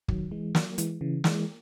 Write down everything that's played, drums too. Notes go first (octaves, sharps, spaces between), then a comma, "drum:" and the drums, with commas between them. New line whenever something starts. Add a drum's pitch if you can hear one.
D#3 F#3, drum: kick
E3 G#3
F#3 A#3, drum: snare
E3 G#3, drum: hi-hat
C#3 E3
E3 G#3, drum: snare